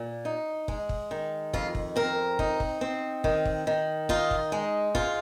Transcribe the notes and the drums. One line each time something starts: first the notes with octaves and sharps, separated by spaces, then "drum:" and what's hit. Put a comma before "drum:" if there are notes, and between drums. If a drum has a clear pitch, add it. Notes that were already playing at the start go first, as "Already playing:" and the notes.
Already playing: A#2
D#4
G#3, drum: kick
drum: kick
D#3
F2 F4, drum: kick
drum: kick
C4 A#4
D#4, drum: kick
drum: kick
C4
D#3, drum: kick
drum: kick
D#3
D#4 F4, drum: kick
drum: kick
G#3
G#2 F4, drum: kick